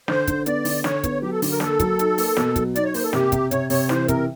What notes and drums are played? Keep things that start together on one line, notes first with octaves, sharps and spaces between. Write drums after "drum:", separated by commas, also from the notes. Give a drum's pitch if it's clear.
D3 C5, drum: snare
D3, drum: kick, hi-hat
B3 D5, drum: hi-hat
D3, drum: open hi-hat
D3 C#5, drum: snare
B3, drum: kick, hi-hat
F#3 G4
A4
D3, drum: open hi-hat
A#4
A#3 A4, drum: snare
F#3, drum: kick, hi-hat
D#4, drum: hi-hat
A#3, drum: open hi-hat
B2, drum: snare
F#3, drum: kick, hi-hat
D#4 D5, drum: hi-hat
C#5
A#3 C5, drum: open hi-hat
A4
C3 G4, drum: snare
C3, drum: kick, hi-hat
C3 C#5, drum: hi-hat
C3 C#5, drum: open hi-hat
E3 C5, drum: snare
C3 A#4, drum: kick, hi-hat